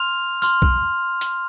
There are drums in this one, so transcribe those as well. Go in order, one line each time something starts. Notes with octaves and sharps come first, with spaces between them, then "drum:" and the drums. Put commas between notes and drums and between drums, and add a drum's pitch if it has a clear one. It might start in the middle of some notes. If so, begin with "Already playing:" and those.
Already playing: C6 F6 F7
C6 F6, drum: tambourine
drum: kick C2
drum: hi-hat